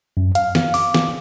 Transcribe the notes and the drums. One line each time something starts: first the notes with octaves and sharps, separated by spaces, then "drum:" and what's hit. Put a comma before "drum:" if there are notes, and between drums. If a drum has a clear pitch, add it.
F#2
F5, drum: hi-hat
drum: snare
D6, drum: open hi-hat
drum: snare